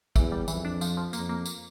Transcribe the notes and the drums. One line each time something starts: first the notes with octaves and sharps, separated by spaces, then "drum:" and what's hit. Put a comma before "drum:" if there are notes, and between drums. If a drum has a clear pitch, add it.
E2 E3, drum: kick, tambourine
G3
F2 E3, drum: tambourine
D4
F3, drum: tambourine
F3
F2 A#3, drum: tambourine
A#3
drum: tambourine